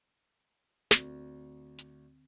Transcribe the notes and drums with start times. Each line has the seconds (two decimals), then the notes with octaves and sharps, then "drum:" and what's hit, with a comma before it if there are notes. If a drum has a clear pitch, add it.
0.91 D2 D3 C4, drum: snare
1.78 drum: hi-hat